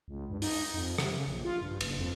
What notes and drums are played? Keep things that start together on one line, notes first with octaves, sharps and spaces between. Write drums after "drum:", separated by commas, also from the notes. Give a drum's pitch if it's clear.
C#2
G2
D#4, drum: open hi-hat
F2
C3, drum: rim click
C#3
A#1
F4
G2
F#1, drum: cymbal
F2